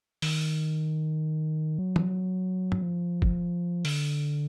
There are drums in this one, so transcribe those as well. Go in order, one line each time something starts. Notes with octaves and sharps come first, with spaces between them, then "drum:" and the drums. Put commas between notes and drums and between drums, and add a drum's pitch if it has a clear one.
D#3, drum: open hi-hat
F#3
drum: tom
drum: tom
F3
drum: kick
D3, drum: open hi-hat